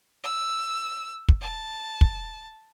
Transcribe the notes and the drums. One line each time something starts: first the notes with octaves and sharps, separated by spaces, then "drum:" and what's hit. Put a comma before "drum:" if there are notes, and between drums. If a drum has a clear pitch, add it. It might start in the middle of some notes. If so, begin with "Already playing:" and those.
E6
drum: kick
A5
drum: kick